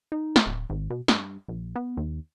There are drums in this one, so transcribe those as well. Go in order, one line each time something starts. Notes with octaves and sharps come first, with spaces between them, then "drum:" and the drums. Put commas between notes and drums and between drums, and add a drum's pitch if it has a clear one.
D#4
drum: snare
D1
G#1
B2
G2, drum: snare
A#1
B3
D#2